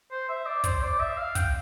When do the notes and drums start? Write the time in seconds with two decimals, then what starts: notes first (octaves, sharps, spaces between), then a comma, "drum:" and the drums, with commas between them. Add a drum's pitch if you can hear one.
0.11 C5
0.29 E5
0.46 D5
0.64 C5, drum: kick, hi-hat
0.83 D5
1.00 E5
1.17 F5
1.35 G5, drum: kick, hi-hat